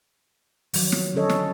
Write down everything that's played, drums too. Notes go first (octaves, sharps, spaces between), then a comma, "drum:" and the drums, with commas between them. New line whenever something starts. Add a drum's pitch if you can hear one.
D#3 F3 F#3, drum: open hi-hat
drum: snare
D3 F#3 C#4 A4 C#5 D#5
drum: snare